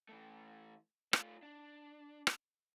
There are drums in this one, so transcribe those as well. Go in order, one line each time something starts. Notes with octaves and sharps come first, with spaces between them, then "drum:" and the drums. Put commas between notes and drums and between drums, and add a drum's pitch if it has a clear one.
E3 A3
A3 F4, drum: rim click
D4
drum: rim click